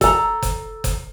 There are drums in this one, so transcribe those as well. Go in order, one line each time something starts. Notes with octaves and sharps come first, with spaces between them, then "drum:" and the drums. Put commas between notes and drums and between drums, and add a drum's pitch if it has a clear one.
A4 A#5, drum: kick F#1, hi-hat
drum: kick F#1, hi-hat
drum: kick F#1, hi-hat